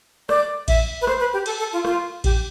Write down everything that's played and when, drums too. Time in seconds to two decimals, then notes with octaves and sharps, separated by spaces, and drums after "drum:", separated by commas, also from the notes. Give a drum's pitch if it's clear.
0.29 D5, drum: rim click
0.68 E5, drum: kick A1, cymbal
1.01 B4
1.07 C5, drum: rim click
1.20 B4
1.33 G4
1.46 A4, drum: cymbal
1.59 A4
1.73 F4
1.85 F4, drum: rim click
2.24 G4, drum: kick A1, cymbal